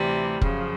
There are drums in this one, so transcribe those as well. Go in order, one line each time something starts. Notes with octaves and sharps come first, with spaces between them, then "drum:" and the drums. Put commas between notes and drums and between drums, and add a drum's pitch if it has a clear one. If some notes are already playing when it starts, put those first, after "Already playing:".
Already playing: D2 C3 E3 G3
F#2 C#3 F3, drum: kick